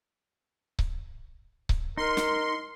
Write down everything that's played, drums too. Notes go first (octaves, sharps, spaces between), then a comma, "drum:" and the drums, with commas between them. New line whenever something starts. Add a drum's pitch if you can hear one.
drum: kick C#1
drum: kick C#1
D#4 A#4 C6
drum: snare